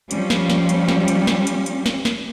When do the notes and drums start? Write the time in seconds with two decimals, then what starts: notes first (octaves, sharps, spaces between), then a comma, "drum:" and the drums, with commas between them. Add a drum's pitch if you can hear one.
0.11 F3 G3 C#4, drum: hi-hat
0.30 drum: snare
0.50 drum: snare
0.69 drum: hi-hat
0.88 drum: snare
1.08 drum: hi-hat
1.27 drum: snare
1.47 drum: hi-hat
1.66 drum: hi-hat
1.86 drum: snare
2.05 drum: snare